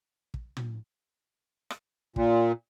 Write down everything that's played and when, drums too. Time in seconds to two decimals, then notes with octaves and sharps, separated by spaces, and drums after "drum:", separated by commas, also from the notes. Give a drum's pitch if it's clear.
0.34 drum: kick
0.57 drum: tom
1.70 drum: rim click
2.16 A#2, drum: kick